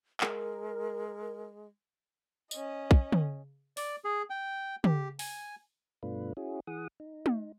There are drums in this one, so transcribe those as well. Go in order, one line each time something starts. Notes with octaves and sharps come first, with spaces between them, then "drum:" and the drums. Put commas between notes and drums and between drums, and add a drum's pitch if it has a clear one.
G#3 A#4, drum: clap
C#4 D#5, drum: tambourine
drum: kick
drum: tom
D5, drum: open hi-hat
G#4
G5
G4, drum: tom
G#5, drum: open hi-hat
G2 B2 A3 D4 F4 B4
C#4 E4 F#4 G#4
E3 G#4 F#5 D#6
D#4
drum: tom